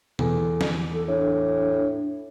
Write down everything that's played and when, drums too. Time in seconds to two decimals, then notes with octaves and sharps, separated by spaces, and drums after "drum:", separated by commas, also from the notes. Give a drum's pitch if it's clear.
0.19 E2 A4, drum: tom B2
0.61 drum: snare
0.93 A4
1.08 A2 D4